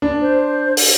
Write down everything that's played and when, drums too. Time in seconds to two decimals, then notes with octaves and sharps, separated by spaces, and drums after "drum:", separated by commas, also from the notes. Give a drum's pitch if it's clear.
0.02 D4
0.22 C5
0.77 drum: open hi-hat